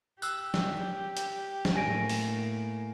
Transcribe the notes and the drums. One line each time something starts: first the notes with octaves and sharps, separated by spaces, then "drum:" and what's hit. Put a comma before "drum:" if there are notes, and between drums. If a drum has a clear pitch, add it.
G4 E6 F#6, drum: tambourine
drum: snare
drum: hi-hat
drum: snare
A2 A#3 G#5 A#6 D7
drum: open hi-hat